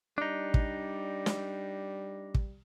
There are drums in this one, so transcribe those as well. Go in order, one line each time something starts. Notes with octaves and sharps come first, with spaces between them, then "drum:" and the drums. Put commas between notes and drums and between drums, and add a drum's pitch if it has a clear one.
G3 D4 D#4
drum: kick
drum: snare
drum: kick